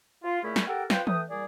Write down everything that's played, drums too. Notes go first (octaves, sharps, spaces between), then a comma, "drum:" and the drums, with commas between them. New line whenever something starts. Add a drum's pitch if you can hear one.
F4
A#2 A3 C#4 E4 G#4
drum: snare
G4 A4 A#4 F#5 G5
F4 B4 C5 G5, drum: snare
A3 B4 G5 D#6, drum: tom E3
A#2 G3 G#4 D5